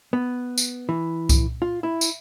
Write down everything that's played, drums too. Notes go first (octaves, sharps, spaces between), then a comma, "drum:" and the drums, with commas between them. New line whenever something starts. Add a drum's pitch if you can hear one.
B3
drum: tambourine
E3
drum: kick C2, tambourine
F4
E4
drum: tambourine